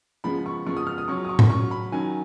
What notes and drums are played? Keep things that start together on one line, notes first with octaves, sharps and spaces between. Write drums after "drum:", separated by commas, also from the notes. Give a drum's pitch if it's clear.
C#3 F3 G#3 B3 B5
C#6
C#3 F3 G#3 B3 C#6
D#6
F6
D#6
C#3 F#3 C#4 C#6
D#6
C#6
drum: tom A2
C#3 F#3 C#4 C#6
B5
D#3 F#3 C#4 G#5